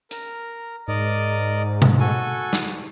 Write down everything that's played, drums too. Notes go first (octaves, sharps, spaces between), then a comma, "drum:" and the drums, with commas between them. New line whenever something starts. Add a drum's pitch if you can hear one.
A#4, drum: hi-hat
G#2 A#4 D5 D#5
drum: tom B2
F#4 A4 G#5
drum: snare
drum: hi-hat